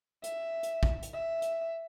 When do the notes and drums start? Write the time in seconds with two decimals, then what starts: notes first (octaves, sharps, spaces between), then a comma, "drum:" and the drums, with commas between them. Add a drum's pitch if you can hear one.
0.23 E5, drum: hi-hat
0.63 drum: hi-hat
0.83 drum: kick
1.02 drum: hi-hat
1.14 E5
1.42 drum: hi-hat